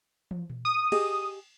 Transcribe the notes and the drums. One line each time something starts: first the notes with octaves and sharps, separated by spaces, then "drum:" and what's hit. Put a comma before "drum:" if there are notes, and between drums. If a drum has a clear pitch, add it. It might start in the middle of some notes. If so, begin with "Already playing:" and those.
drum: tom
drum: tom A#2
D#6
G4 G#4 D#5, drum: cymbal